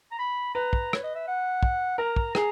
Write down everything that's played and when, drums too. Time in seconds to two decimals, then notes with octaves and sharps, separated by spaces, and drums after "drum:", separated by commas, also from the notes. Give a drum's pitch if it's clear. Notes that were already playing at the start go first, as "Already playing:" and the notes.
0.11 A#5
0.19 B5
0.54 B4 A#5
0.73 drum: kick
0.93 C#5, drum: rim click
1.03 D#5
1.15 E5
1.27 F#5
1.63 drum: kick
1.98 A#4 A#5
2.16 drum: kick
2.35 G#4 A#5, drum: rim click